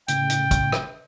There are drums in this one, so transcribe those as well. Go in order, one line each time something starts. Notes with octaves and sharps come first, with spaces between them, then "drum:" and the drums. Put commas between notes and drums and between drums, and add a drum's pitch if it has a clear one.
A2 C#3 G5, drum: hi-hat
drum: hi-hat
drum: kick, hi-hat
drum: rim click